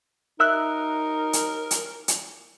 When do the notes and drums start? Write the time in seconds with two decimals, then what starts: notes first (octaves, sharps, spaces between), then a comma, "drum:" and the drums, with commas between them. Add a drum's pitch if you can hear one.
0.40 D#4 A#4 E5 E6 F#6
1.33 drum: hi-hat
1.71 drum: hi-hat
2.08 drum: hi-hat